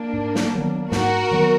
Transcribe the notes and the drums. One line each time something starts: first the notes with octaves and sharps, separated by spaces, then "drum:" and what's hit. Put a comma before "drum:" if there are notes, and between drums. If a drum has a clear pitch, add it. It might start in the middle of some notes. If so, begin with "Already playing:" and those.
Already playing: A#3 D4
G#2
drum: snare
D#3 F#3 B3
G#2 F#4 A#4, drum: snare
D#3 F#3 B3